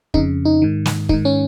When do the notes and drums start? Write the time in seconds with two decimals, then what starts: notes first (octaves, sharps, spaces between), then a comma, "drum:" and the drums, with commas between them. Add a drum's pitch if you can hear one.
0.14 F2 C#3 D#4, drum: kick
0.45 D#4
0.62 G#2 D#3
0.86 drum: snare
1.09 G#2 D#3 D#4, drum: kick
1.25 C#4